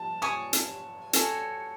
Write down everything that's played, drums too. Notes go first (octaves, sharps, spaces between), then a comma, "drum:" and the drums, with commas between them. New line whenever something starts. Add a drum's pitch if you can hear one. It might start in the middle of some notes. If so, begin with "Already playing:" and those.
Already playing: A5
C#5 G#5 C#6 D#6
drum: hi-hat
F#4 A4 C#5 G#5, drum: hi-hat